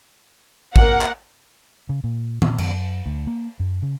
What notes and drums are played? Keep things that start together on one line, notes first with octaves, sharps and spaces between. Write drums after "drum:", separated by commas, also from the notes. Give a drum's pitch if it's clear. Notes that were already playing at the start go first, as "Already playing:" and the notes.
A#3 A#4 F#5, drum: kick A1
drum: clap
C#3
A#2
A#2, drum: tom D#3
F#2, drum: cymbal
D2
A#3
F#2
C#3